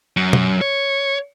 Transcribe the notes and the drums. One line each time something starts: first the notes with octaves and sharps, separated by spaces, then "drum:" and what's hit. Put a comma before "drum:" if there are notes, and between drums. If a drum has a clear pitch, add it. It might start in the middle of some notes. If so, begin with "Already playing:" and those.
F#2
drum: tom
C#5